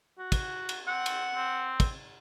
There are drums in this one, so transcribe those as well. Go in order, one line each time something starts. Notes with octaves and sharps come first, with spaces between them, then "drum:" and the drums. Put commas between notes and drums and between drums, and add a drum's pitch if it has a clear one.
F#4
drum: kick, cymbal
drum: cymbal
C4 F#5
drum: cymbal
C4
drum: kick, cymbal